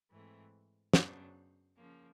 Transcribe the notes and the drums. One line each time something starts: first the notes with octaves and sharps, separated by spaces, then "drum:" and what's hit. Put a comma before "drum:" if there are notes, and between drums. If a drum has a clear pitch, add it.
G#2 E3 A3 C4
F#2 C#3 F#3 B3 D4, drum: snare
C#3 F3 A#3